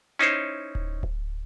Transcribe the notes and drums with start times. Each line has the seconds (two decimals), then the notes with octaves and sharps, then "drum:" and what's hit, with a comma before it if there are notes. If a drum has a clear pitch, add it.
0.19 C#4 D#4 E4 C5 C#5
0.75 drum: kick D1
1.03 drum: kick D1